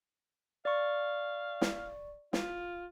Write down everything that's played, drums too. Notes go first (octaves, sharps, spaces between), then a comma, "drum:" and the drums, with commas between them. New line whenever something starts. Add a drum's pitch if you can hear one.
D5 F5 C#6
drum: snare
F4, drum: snare